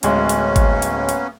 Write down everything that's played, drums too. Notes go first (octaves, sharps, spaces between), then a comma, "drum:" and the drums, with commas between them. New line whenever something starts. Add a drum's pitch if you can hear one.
D1 G#3 A#3 B3 C#4, drum: hi-hat
drum: hi-hat
drum: kick G#1, hi-hat
drum: hi-hat
drum: hi-hat